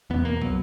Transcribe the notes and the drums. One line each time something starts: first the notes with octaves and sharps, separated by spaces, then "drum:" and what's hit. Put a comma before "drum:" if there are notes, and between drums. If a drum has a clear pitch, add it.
E2 B2 B3
A#3
B2 F#3, drum: kick